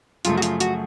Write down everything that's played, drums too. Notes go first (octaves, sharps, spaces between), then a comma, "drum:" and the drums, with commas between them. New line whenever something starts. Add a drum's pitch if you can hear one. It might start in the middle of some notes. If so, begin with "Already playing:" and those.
F#2 C#3 F3 A3 F4, drum: hi-hat
F#4
F4, drum: hi-hat
F#4, drum: hi-hat